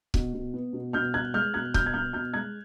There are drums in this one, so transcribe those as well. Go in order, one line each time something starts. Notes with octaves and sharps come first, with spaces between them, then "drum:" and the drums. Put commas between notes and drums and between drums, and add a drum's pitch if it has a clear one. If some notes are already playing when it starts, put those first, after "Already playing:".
B2, drum: kick C#1
B2
B3
B2
B2 F6 G6
B2 F#6 G#6
G#3 F6 G6
B2 F#6 G#6
B2 F6 G6, drum: kick C#1
G#6
B2 F6 G6
B2 F6 G6
G#3 F#6 G#6